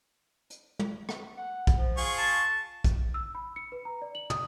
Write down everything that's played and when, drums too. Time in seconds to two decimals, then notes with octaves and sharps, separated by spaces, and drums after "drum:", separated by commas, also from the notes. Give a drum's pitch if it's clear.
0.50 drum: hi-hat
0.79 drum: tom
1.09 drum: rim click
1.38 F#5
1.67 drum: kick, hi-hat
1.77 F3
1.97 F4 G#4 C#6
2.18 A5
2.84 drum: kick, hi-hat
3.14 E6
3.35 B5
3.56 C#7
3.72 B4
3.85 A#5
4.02 D5
4.15 F#7
4.30 D#6, drum: tom